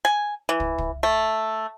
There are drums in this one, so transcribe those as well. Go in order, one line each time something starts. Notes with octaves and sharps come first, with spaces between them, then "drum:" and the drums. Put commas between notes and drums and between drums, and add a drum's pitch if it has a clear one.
G#5
E3
drum: kick
drum: kick
A3